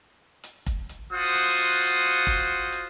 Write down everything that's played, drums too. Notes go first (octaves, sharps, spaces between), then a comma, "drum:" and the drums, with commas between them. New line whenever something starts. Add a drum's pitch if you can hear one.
drum: hi-hat
drum: kick F1, hi-hat
drum: hi-hat
F4 F#4 C5 F#5 D#6
drum: hi-hat
drum: hi-hat
drum: hi-hat
drum: hi-hat
drum: kick F1, hi-hat
drum: hi-hat